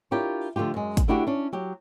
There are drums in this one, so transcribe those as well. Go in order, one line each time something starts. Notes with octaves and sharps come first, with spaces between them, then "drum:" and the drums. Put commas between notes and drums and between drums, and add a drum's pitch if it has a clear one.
D4 E4 F4 G4 A#4 C#5
D3 F3 A3 F4 G4
F#2 G#3
drum: kick, hi-hat
A3 D4 E4 F#4 G4
C#4 D4
F#3 G4